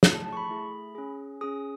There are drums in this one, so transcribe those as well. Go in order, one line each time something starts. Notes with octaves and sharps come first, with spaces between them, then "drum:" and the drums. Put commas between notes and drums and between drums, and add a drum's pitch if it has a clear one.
A3 E4 G#4, drum: snare
A5
A5
C#6
B5
A3 E4 G#4
C#4 G#4
C#4 G#4 D#6